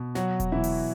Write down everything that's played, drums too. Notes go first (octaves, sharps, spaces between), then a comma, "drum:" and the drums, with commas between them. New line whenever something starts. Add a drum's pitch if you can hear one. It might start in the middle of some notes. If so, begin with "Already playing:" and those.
Already playing: B2
F#3 F#4, drum: snare
drum: kick E1, hi-hat
B2 E3 E4
drum: open hi-hat